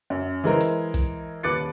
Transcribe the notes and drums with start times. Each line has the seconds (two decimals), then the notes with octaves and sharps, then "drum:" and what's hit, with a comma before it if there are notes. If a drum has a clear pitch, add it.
0.10 F#2
0.44 E3 G#3 A#4 C5
0.60 drum: hi-hat
0.94 drum: kick, hi-hat
1.43 D#1 B4 D6 F#6 A6 C#7